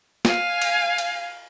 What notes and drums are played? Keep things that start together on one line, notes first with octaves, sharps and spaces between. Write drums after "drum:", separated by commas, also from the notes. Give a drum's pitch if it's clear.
F5 G#5, drum: snare
drum: cymbal
drum: cymbal